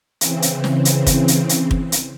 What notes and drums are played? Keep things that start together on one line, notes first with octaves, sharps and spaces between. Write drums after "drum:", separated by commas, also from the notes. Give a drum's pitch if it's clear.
C#3 E3 C4, drum: hi-hat
drum: hi-hat
drum: snare
drum: hi-hat
drum: kick, hi-hat
drum: hi-hat
drum: hi-hat
drum: kick
drum: hi-hat